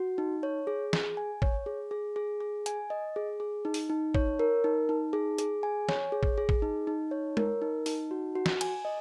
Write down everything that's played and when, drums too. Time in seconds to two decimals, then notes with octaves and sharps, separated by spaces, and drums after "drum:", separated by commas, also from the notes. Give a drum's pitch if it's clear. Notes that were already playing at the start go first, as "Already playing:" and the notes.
Already playing: F#4
0.18 D#4
0.43 C#5
0.67 G#4
0.93 G#4, drum: snare
1.17 G#5
1.42 C#5, drum: kick A1
1.66 G#4
1.91 G#4
2.16 G#4
2.40 G#4
2.66 G#5, drum: hi-hat
2.90 D#5
3.16 G#4
3.40 G#4
3.65 D#4
3.74 drum: open hi-hat
3.89 D#4
4.15 C#5, drum: kick A1
4.39 A#4
4.64 D#4
4.89 D#4
5.13 G#4
5.38 G#4, drum: hi-hat
5.63 G#5
5.89 C#5, drum: snare
6.12 G#4
6.23 drum: kick A1
6.38 G#4
6.49 drum: kick A1
6.62 D#4
6.87 D#4
7.11 C#5
7.37 A#4, drum: tom G#3
7.62 D#4
7.86 D#4, drum: open hi-hat
8.11 F#4
8.35 F#4
8.46 drum: snare
8.61 G#5, drum: cymbal
8.85 D#5